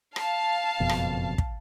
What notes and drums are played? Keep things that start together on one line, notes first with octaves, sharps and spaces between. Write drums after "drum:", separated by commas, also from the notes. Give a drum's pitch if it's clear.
F5 A5, drum: rim click
F#1 F2 B2
drum: rim click
drum: kick